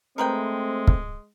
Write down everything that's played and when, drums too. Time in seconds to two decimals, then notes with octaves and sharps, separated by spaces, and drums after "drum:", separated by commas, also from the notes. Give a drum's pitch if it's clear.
0.18 G#3 A3 C4 A#4 B4 G5
0.88 drum: kick